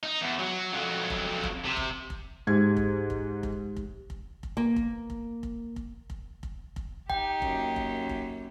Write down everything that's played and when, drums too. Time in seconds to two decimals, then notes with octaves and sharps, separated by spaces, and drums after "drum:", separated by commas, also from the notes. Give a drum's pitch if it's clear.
0.03 D#4
0.21 E2
0.39 F#3
0.72 F2 F#3
1.10 drum: kick F1
1.43 drum: kick F1
1.65 C3
1.77 drum: kick F1
2.10 drum: kick F1
2.47 G#2 G#3 D#4 G4 G#6
2.77 drum: kick F1
3.10 drum: kick F1
3.43 drum: kick F1
3.77 drum: kick F1
4.10 drum: kick F1
4.43 drum: kick F1
4.57 A#3
4.76 drum: kick F1
5.10 drum: kick F1
5.43 drum: kick F1
5.76 drum: kick F1
6.10 drum: kick F1
6.43 drum: kick F1
6.76 drum: kick F1
7.10 D#4 G4 G5, drum: kick F1
7.42 F#2 A#3, drum: kick F1
7.76 drum: kick F1
8.09 drum: kick F1